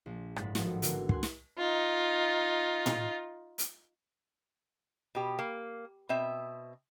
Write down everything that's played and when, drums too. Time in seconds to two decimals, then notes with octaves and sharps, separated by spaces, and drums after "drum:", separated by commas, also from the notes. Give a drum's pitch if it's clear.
0.06 A#1
0.36 F#1 G#2 G#3 B5 A6, drum: rim click
0.55 G#1 A2 F3 B3 F#4, drum: snare
0.82 D3 E3 A#3 F#4 A#4, drum: hi-hat
1.09 G#5 C6 F#6, drum: kick
1.23 drum: snare
1.58 D#4 F4
2.86 drum: tom A2
3.58 drum: hi-hat
5.15 B2 G4
5.39 A#3
6.09 B2 C4 E5